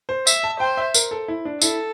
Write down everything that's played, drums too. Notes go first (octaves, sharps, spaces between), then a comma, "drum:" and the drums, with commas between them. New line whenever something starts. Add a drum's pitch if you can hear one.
C5
E5, drum: tambourine
A5
C5 G5
E5
A#4, drum: tambourine
A4
E4
D4
E4 A4, drum: tambourine